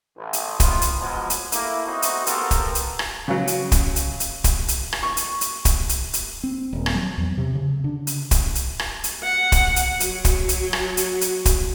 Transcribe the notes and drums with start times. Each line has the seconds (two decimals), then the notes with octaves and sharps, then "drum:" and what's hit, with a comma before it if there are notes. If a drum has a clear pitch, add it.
0.17 A1
0.33 drum: hi-hat
0.60 D#2 G#2 E3 B3 F4, drum: kick, hi-hat
0.81 drum: hi-hat
1.00 F3 F#3 G#3 B3 F4 F#4
1.30 drum: hi-hat
1.52 A3 A#3 E4, drum: hi-hat
1.86 A3 B3 C4 D#4 F#4
2.02 drum: hi-hat
2.27 A#3 B3 G4 A4 A#4 C5, drum: hi-hat
2.51 drum: kick, hi-hat
2.75 drum: hi-hat
2.99 drum: rim click
3.28 C#3 F#3
3.47 drum: hi-hat
3.72 drum: kick, hi-hat
3.96 drum: hi-hat
4.20 drum: hi-hat
4.44 drum: kick, hi-hat
4.68 drum: hi-hat
4.93 drum: rim click
5.03 C#6
5.17 drum: hi-hat
5.41 drum: hi-hat
5.65 drum: kick, hi-hat
5.89 drum: hi-hat
6.13 drum: hi-hat
6.43 C4
6.73 D#1
6.86 drum: rim click
6.95 F#3
7.18 E2
7.38 C3
7.55 C#3
7.84 D3
8.07 drum: hi-hat
8.31 drum: kick, hi-hat
8.55 drum: hi-hat
8.79 drum: rim click
9.04 drum: hi-hat
9.23 F#5
9.52 drum: kick, hi-hat
9.76 drum: hi-hat
10.00 F#3, drum: hi-hat
10.25 drum: kick, hi-hat
10.49 drum: hi-hat
10.73 drum: rim click
10.97 drum: hi-hat
11.21 drum: hi-hat
11.45 drum: kick, hi-hat